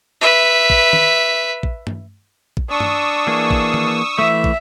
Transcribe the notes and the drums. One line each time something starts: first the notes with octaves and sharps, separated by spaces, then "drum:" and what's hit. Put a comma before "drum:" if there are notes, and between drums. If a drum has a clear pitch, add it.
B4 E5
drum: kick
drum: tom D#3
drum: kick
drum: tom G2
drum: kick
D4 C#6 D#6 E6
drum: tom G2
E3 A#3 G#4
drum: kick
drum: tom D#3
E3 A3 E5
drum: kick